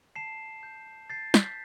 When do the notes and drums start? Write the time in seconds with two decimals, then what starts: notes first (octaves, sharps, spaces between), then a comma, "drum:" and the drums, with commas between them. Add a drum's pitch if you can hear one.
0.16 A5 C7 E7
0.63 G6
1.10 G6 A6 C7
1.34 G6 B6, drum: snare